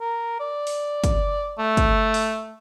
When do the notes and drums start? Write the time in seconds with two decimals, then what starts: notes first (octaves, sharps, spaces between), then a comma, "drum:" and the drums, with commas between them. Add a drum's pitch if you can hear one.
0.01 A#4
0.40 D5
0.67 drum: open hi-hat
1.04 drum: kick, hi-hat
1.59 A3
1.77 drum: kick, hi-hat
2.14 drum: open hi-hat